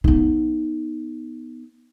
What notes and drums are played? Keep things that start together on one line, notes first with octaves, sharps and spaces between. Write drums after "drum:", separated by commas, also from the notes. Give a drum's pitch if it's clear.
B3 D#4, drum: kick A#1